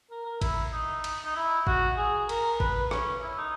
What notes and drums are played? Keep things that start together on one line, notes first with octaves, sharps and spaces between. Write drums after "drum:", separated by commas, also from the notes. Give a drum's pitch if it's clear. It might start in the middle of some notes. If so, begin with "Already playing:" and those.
A#4
A#4
E4, drum: kick G#1, cymbal
D#4
drum: cymbal
D#4
E4
F#4, drum: kick G#1
G#4
A#4, drum: cymbal
B4, drum: kick G#1
C#4, drum: rim click
E4
D#4